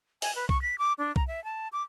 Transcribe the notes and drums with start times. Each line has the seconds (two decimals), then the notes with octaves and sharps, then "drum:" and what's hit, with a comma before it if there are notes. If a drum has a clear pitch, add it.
0.22 G#5, drum: open hi-hat
0.35 B4
0.49 C#6, drum: kick B1
0.62 B6
0.78 D6
0.98 D4
1.16 A#5, drum: kick B1
1.27 E5
1.44 A5
1.73 D6